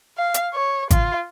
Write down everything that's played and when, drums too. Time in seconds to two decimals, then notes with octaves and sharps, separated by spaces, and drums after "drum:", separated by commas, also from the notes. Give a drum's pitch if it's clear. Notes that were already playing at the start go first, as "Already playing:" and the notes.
0.17 F5
0.34 drum: hi-hat
0.54 C#5
0.91 F4, drum: kick G#1, hi-hat